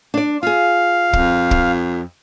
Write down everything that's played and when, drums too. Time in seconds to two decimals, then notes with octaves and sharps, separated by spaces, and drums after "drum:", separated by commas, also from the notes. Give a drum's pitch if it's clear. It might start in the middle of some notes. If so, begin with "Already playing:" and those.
0.14 D4 D5
0.43 F4 G#4 F5
1.13 F2, drum: kick
1.51 drum: kick